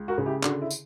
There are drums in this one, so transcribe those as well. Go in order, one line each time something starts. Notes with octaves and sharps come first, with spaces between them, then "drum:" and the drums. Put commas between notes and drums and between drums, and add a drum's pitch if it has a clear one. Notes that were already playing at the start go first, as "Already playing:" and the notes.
Already playing: C#2
F#4 A#4
C#3
E4 G4
D3 D4 F#4, drum: clap
E4
drum: tambourine